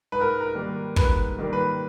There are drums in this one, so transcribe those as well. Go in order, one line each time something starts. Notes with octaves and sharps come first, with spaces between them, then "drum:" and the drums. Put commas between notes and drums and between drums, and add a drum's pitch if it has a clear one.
G#2 B4
A#4
A#4
D#3 G3 A#3
G#2 B4, drum: kick
D#3 G3 A#3
B4